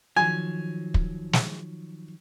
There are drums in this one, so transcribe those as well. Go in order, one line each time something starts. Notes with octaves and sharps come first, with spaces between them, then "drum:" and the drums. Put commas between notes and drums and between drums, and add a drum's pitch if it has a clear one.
D#3 F3 F#3 G#5
drum: kick
drum: snare